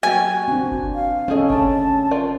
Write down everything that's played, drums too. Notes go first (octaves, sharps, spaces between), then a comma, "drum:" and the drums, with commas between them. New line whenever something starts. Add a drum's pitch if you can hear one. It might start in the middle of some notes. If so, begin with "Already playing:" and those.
F#3 A#3 F#4 G4 G#5
C4 D4
drum: kick G1
F5
C#4 D4 G#4 A4 D#5
A3 D4 A5, drum: kick G1
F4 A#4 D5